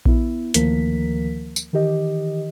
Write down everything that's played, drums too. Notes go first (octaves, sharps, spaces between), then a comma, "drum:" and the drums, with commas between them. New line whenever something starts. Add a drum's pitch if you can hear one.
B3 E4, drum: kick A#1
D2 D#3 F3 A#3 A#4 B6, drum: hi-hat
drum: tambourine
D#3 E3 G4 D#5